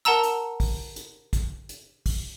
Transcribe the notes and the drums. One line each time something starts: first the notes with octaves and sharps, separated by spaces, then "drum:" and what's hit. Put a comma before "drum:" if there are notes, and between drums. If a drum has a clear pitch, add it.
A#4 F#5 A5 A#5 E6
drum: hi-hat
drum: kick, open hi-hat
drum: hi-hat
drum: kick, hi-hat
drum: hi-hat
drum: kick, open hi-hat